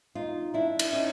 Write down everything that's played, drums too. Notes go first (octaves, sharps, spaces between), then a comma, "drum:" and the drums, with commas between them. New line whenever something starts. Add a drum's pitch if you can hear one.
D#4 F4
D4 E4
drum: cymbal
C#4 D#4